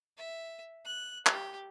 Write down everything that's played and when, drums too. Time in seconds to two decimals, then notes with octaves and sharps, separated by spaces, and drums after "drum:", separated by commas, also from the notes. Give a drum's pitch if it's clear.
0.17 E5
0.85 F#6
1.27 G4, drum: clap